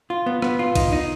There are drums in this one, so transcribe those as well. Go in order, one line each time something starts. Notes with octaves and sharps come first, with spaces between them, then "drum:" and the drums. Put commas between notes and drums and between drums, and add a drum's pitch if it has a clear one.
F4
B3
B3, drum: rim click
F4
D#4, drum: kick, cymbal
D#4